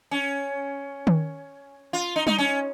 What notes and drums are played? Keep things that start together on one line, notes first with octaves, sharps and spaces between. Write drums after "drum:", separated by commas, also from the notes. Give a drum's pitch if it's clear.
C#4
drum: tom D#3
F4
D#4
D#4, drum: tom G3
C#4